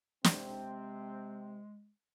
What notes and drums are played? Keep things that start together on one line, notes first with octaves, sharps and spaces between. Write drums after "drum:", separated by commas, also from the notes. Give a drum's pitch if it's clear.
C3 G#3 C4, drum: snare